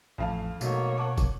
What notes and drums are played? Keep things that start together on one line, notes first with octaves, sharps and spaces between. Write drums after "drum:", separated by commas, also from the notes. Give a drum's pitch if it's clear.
A1 F2 F5 A5
G#2 B2 F#3 A3 A#3 C#5, drum: tambourine
F#5 A5 D6
drum: kick, tambourine